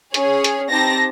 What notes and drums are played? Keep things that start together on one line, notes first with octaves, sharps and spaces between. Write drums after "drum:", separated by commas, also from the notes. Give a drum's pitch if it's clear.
C#4 G#4 C#5, drum: hi-hat
drum: hi-hat
C4 D#4 G4 A5 A#6